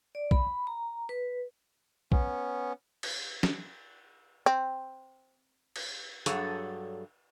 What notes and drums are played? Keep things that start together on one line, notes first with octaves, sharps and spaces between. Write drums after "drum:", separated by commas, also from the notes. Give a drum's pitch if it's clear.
D5
B5, drum: kick B1
A#5
B4
B3 C#4, drum: kick B1
drum: cymbal
drum: snare
C4
drum: cymbal
G2 F#3 G#4 A4 C#5 F#5, drum: hi-hat